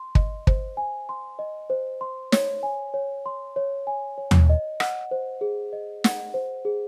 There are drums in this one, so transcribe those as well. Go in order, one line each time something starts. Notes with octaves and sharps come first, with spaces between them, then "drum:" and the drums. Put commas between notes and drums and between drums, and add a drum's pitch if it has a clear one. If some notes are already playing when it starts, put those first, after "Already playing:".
Already playing: C6
D#5, drum: kick
C5, drum: kick
G#5
C6
D#5
C5
C6
C#5, drum: snare
G#5
C#5
C6
C#5
G#5
C#5
drum: tom D#2
D#5
F#5, drum: rim click
C5
G#4
D#5
F#5, drum: snare
C5
G#4